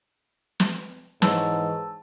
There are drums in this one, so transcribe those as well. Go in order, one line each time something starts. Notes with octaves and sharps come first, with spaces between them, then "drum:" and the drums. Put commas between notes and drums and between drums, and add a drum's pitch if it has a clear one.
drum: snare
G#2 E3 B4 C#5 A5 E6, drum: snare